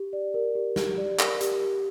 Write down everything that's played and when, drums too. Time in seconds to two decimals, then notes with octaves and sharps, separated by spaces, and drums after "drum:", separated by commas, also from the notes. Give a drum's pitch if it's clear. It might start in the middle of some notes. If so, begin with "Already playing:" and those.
Already playing: G4
0.13 D5
0.34 A#4
0.55 G4
0.76 G4, drum: snare
0.98 D5
1.19 A#4, drum: clap
1.41 G4, drum: hi-hat
1.62 G4